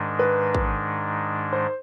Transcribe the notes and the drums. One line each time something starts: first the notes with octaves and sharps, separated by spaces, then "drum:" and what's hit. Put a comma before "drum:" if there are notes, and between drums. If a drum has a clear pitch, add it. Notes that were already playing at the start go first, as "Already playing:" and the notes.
Already playing: G#2 D#3 G#3 D4
B4
drum: kick A1
C5